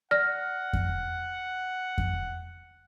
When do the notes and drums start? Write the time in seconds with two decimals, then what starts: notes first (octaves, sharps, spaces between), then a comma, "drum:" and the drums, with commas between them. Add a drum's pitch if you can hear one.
0.11 D5 F#5 F6 A#6
0.73 drum: kick F2
1.98 drum: kick F2